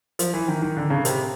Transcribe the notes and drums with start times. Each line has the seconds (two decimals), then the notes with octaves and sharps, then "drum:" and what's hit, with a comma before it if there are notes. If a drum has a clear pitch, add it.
0.19 F3, drum: hi-hat
0.34 E3
0.48 D#3
0.62 D#3
0.77 D3
0.90 C#3
1.05 C3, drum: hi-hat